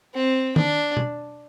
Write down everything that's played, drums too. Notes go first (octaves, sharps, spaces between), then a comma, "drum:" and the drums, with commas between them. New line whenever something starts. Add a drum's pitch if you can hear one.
C4
D4, drum: tom
drum: tom B2